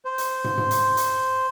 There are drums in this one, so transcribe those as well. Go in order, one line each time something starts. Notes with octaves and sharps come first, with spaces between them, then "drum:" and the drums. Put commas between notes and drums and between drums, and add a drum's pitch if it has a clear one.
C5
drum: hi-hat
drum: tom
drum: tom
drum: hi-hat
drum: hi-hat